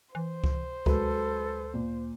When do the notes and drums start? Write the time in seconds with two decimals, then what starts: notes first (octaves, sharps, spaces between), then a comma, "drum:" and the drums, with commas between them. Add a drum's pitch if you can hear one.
0.15 E3 C5
0.44 drum: kick C#2
0.86 D2 F#3 G#3 A4 B4, drum: kick C#2
1.74 A#2